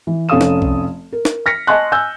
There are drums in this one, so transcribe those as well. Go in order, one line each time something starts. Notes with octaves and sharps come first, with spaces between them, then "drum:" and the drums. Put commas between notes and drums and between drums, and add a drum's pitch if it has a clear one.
E3
F1 C#4 A4 F5 D#6 E7
drum: snare
drum: kick
A#4
drum: snare
F6 A#6 B6 C#7
D#5 G#5 A5 C6 C#6 F#6
G#5 E6 G6